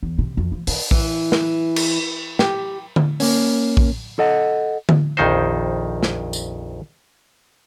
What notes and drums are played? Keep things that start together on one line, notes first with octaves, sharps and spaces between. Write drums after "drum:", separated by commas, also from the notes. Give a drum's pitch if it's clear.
E2
C3
F2
F3
C4, drum: open hi-hat
E3, drum: kick A#1
drum: snare
drum: cymbal
G4, drum: snare
drum: tom D3
A#3 C#4, drum: open hi-hat
drum: kick A#1
A4 D#5 F#5
drum: tom D3
A#1 F2 D#3 D#4 C5
drum: snare
drum: tambourine